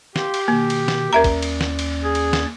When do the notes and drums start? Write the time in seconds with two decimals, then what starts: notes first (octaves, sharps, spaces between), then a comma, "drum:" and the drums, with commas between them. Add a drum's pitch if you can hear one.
0.16 G4 F5 C6, drum: snare
0.34 drum: cymbal
0.48 B2 D#3 A#3
0.70 drum: cymbal
0.88 drum: snare
1.13 D#2 C#4 A#4 D5 E5 A#5
1.24 drum: kick, cymbal
1.43 drum: cymbal
1.61 drum: snare
1.79 drum: cymbal
2.04 G#4
2.15 drum: cymbal
2.33 drum: snare